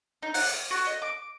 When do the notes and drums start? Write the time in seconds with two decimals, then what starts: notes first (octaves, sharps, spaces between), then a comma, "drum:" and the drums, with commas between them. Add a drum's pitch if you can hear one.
0.23 D#4
0.34 F#5, drum: open hi-hat
0.49 F6
0.71 F#4
0.87 D#5
1.02 D6